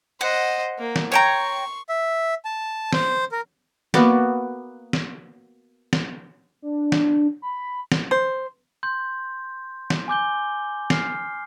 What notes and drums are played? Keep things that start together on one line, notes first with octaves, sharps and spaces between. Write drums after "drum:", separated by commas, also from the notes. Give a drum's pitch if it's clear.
C5 D#5 F#5
A#3
drum: snare
C#5 G5 A#5 C6 C#6
E5
A5
C5, drum: snare
A#4
A#3 B3 F#4 D5, drum: snare
drum: snare
drum: snare
D4
drum: snare
B5
drum: snare
C5
C6 G6
drum: snare
G#5 D6 G6 G7
F6 C7, drum: snare